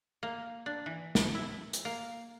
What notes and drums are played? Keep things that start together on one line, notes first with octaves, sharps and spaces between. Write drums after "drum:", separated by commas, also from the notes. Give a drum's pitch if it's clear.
A#3
D4
E3
drum: snare
E4
drum: hi-hat
A#3